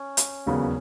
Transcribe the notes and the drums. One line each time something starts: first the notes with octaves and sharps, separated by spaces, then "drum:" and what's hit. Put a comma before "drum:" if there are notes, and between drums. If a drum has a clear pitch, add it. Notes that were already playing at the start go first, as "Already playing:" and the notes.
Already playing: C#4
drum: hi-hat
E1 D#2 C#3 F#3 B3